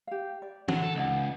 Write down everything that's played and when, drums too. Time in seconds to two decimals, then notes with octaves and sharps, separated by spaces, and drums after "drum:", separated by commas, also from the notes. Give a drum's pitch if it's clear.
0.07 G4 F5
0.42 D5
0.68 D3 F#3 F#5, drum: tom
0.82 A4
0.95 C#2 D#4 D5 F#5